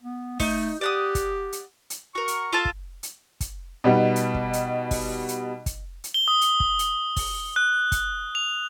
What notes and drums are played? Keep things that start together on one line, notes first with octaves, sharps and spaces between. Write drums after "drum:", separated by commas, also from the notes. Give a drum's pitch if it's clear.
B3
A3 D#4, drum: kick, open hi-hat
G4 D5 F#5 D#6
drum: kick, hi-hat
drum: hi-hat
drum: hi-hat
F#4 A#4 C#6
drum: hi-hat
F4 A4 A5
drum: kick
drum: hi-hat
drum: kick, hi-hat
B2 G3 B3 D#4
drum: hi-hat
drum: kick
drum: hi-hat
drum: kick, open hi-hat
drum: hi-hat
drum: kick, hi-hat
drum: hi-hat
G7
D#6
drum: hi-hat
drum: kick
drum: hi-hat
drum: kick, open hi-hat
F#6
drum: kick, hi-hat
F7